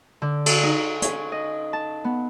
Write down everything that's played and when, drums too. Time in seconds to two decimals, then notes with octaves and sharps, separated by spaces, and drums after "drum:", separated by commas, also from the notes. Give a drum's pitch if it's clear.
0.22 D3
0.46 A4, drum: cymbal
0.63 D#4
1.02 C#4, drum: hi-hat
1.32 D#5
1.73 A5
2.04 B3